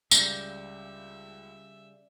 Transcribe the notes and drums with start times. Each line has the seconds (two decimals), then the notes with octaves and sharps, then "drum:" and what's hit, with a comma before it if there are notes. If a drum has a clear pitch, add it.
0.11 C#2 C#3 G3 E5, drum: tambourine